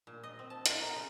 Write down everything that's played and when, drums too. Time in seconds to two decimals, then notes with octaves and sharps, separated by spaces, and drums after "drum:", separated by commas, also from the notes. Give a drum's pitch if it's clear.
0.07 A#2
0.23 D#5
0.39 C4
0.50 A5
0.66 F4, drum: hi-hat
0.79 A#4
0.96 C#3